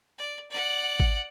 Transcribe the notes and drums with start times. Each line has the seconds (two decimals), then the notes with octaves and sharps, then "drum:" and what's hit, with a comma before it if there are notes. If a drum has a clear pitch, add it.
0.18 D5
0.51 D5 F#5
1.00 drum: kick G#1